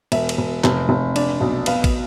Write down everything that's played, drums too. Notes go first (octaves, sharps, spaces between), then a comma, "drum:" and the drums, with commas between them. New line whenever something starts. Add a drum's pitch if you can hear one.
E1 E5, drum: cymbal
drum: cymbal
E1
F1, drum: clap
F1
D4, drum: cymbal
B1
B3 F5, drum: cymbal
drum: kick, cymbal